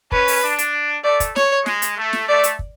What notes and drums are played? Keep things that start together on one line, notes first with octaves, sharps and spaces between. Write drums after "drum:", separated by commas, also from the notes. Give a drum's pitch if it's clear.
C#4 B4, drum: kick
drum: open hi-hat
D4
drum: hi-hat
A3 D5
drum: kick, hi-hat
C#5, drum: snare
G#3, drum: snare
drum: hi-hat
A3
drum: snare
A3 D5
drum: hi-hat
drum: kick